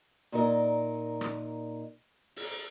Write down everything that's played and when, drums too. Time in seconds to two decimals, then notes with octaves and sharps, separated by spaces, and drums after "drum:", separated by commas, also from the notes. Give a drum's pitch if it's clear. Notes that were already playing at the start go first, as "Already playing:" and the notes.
0.32 A#2 D#4 A#4
1.21 drum: rim click
2.36 drum: open hi-hat